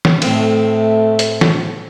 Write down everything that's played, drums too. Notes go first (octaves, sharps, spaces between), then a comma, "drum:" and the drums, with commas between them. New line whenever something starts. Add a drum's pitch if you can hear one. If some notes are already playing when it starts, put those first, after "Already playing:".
drum: snare
A2 A3 C4, drum: cymbal
drum: hi-hat
drum: snare